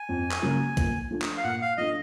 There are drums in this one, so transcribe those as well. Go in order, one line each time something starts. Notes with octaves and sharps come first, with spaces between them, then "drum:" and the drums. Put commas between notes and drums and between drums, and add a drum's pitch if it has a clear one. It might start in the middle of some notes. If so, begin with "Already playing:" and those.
Already playing: G#5
F2
drum: clap
C#3 F#3 A#3
A#2, drum: kick A#1, hi-hat
F3 A3 D4
drum: clap
F5
A#2 F#5
F5
F3 A3 D4 D#5